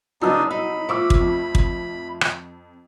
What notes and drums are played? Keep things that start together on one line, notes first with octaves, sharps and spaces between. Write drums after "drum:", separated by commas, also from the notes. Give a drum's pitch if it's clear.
C2 C#3 F#3 B3 D4 D#4 D#5 E6
D#4 B5
F3 A3 C#6 D6 E6
drum: kick
F2
drum: kick
drum: rim click